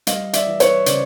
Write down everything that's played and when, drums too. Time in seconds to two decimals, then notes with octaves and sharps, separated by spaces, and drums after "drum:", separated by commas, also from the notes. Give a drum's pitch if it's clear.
0.07 G3 D#5 F5, drum: hi-hat
0.33 D5 E5, drum: hi-hat
0.47 E3
0.60 B4 C#5, drum: hi-hat
0.86 C#3 C5 D5, drum: hi-hat